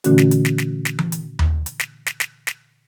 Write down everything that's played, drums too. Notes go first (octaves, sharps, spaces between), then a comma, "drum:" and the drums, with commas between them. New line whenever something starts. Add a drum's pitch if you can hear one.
A#2 D3 E3 A3 C#4 F#4, drum: hi-hat
drum: snare
drum: hi-hat
drum: snare
drum: snare
drum: snare
drum: tom E3
drum: hi-hat
drum: tom D#2
drum: hi-hat
drum: snare
drum: snare
drum: snare
drum: snare